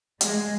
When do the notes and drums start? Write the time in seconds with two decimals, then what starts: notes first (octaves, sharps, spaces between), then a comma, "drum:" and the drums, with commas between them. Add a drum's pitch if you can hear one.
0.21 G#3, drum: hi-hat